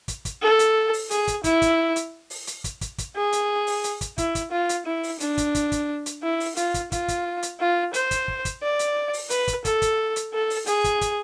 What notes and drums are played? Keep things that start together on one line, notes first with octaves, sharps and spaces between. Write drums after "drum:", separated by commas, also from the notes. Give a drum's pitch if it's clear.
drum: kick, hi-hat
drum: kick, hi-hat
A4
drum: hi-hat
drum: open hi-hat
G#4, drum: hi-hat
drum: kick, hi-hat
E4, drum: kick, hi-hat
drum: kick, hi-hat
drum: hi-hat
drum: open hi-hat
drum: hi-hat
drum: kick, hi-hat
drum: kick, hi-hat
drum: kick, hi-hat
G#4
drum: hi-hat
drum: open hi-hat
drum: hi-hat
drum: kick, hi-hat
E4, drum: kick, hi-hat
drum: kick, hi-hat
F4
drum: hi-hat
E4
drum: open hi-hat
D4, drum: hi-hat
drum: kick, hi-hat
drum: kick, hi-hat
drum: kick, hi-hat
drum: hi-hat
E4
drum: open hi-hat
F4, drum: hi-hat
drum: kick, hi-hat
F4, drum: kick, hi-hat
drum: kick, hi-hat
drum: hi-hat
F4
C5, drum: hi-hat
drum: kick, hi-hat
drum: kick
drum: kick, hi-hat
D5
drum: hi-hat
drum: open hi-hat
B4, drum: hi-hat
drum: kick, hi-hat
A4, drum: kick, hi-hat
drum: kick, hi-hat
drum: hi-hat
A4
drum: open hi-hat
G#4, drum: hi-hat
drum: kick, hi-hat
drum: kick, hi-hat